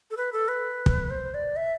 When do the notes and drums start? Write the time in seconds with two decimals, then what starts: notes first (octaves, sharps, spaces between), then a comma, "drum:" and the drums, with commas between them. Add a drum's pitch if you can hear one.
0.11 A4
0.17 B4
0.32 A4
0.48 B4
0.86 drum: kick
1.10 C5
1.34 D5
1.56 E5